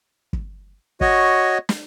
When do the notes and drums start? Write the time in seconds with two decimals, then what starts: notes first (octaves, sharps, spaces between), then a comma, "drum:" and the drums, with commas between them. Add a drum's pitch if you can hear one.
0.33 drum: kick
1.01 F#4 C#5 D#5, drum: kick
1.69 drum: snare